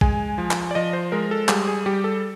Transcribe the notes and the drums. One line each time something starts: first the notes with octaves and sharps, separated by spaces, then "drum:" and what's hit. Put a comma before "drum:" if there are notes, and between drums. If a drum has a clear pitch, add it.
G#3 G#5, drum: kick
F3
drum: clap
D5
F3 D#5
C5
G#3 A#4
A4
G3 G#4, drum: clap
G#4
G3 G4
A4